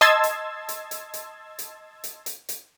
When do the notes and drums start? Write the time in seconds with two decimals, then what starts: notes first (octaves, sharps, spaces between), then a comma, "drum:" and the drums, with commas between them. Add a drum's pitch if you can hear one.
0.01 D#5 A5 C6 E6 G#6 A6, drum: hi-hat
0.24 drum: hi-hat
0.69 drum: hi-hat
0.91 drum: hi-hat
1.14 drum: hi-hat
1.59 drum: hi-hat
2.04 drum: hi-hat
2.26 drum: hi-hat
2.49 drum: hi-hat